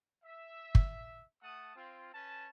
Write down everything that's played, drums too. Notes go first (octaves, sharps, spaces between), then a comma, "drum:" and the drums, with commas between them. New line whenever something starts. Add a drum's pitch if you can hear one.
E5
drum: kick
A3 F#5 A5 D#6
C4 F4
C#4 B4 A5